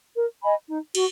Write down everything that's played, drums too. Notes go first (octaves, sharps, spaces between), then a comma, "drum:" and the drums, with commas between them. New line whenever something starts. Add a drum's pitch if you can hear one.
A#4
D#5 G#5 B5
D#4
F#4, drum: cymbal